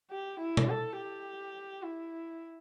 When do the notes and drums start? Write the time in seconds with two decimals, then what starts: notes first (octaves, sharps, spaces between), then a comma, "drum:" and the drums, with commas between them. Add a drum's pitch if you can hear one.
0.10 G4
0.40 E4
0.57 drum: tom B2
0.69 A4
0.96 G4
1.82 E4